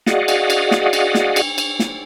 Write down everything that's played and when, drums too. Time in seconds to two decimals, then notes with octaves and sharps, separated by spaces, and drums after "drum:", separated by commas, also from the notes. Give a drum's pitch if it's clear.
0.07 F#4 G#4 D5 D#5 F5 F#5, drum: snare
0.28 drum: cymbal
0.50 drum: cymbal
0.71 drum: snare
0.93 drum: cymbal
1.15 drum: snare
1.36 drum: cymbal
1.58 drum: cymbal
1.79 drum: snare